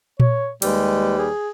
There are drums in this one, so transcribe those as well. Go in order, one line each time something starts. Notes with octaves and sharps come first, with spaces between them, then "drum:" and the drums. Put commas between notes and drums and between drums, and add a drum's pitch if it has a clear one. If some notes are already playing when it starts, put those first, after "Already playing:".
C#5, drum: tom A#2
D#2 G3 G#3 B4, drum: cymbal
G#4